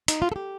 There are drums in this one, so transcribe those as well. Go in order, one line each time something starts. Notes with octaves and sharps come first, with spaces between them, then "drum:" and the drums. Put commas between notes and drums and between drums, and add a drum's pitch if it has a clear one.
D#4, drum: hi-hat
F4
A4
G4